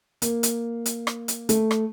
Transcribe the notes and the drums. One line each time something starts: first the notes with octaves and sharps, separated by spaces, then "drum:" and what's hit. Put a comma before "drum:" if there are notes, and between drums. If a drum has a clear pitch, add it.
A#3, drum: hi-hat
drum: hi-hat
drum: hi-hat
drum: rim click
drum: hi-hat
A3, drum: hi-hat
drum: rim click